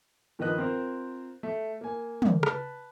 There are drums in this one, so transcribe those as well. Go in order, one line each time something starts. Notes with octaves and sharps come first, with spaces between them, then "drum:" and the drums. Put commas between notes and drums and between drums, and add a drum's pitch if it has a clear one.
G2 D#3 F3 B4 D#5 F#6
C4 F4 A#4 C5
A3
A#3 G#5
drum: tom
B4 A5, drum: rim click